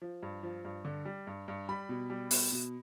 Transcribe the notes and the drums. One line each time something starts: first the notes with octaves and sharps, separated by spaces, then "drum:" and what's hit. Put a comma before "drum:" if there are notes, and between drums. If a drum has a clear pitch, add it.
F3
G2
F3
G2
D3
G3
G2
G2
G3 B5
B2
G3
B2, drum: open hi-hat
B2